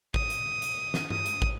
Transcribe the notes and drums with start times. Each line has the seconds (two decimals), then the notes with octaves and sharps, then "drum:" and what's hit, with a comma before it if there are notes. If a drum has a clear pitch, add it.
0.14 D#6, drum: kick
0.30 drum: hi-hat
0.62 drum: hi-hat
0.94 drum: snare
1.10 D#6, drum: tom G2
1.26 drum: hi-hat
1.42 drum: kick